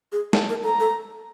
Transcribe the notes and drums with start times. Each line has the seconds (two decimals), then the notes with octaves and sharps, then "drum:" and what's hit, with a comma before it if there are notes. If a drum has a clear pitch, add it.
0.12 G#4
0.33 A5, drum: snare
0.49 A#4
0.63 A4 A#5
0.80 A4